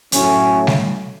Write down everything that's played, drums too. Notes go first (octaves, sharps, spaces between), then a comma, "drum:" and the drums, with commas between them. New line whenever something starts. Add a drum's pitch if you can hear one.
A2 F#3 A3 C#4, drum: hi-hat
drum: snare G3